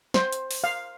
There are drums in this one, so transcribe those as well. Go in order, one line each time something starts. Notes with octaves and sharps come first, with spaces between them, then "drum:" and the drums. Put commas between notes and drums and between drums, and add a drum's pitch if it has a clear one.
C5, drum: snare
drum: hi-hat
drum: open hi-hat
F5